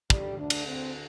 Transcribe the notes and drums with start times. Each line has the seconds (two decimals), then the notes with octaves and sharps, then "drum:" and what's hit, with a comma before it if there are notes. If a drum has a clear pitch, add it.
0.10 D2 D3 G3, drum: kick
0.38 D4
0.50 drum: cymbal
0.67 C4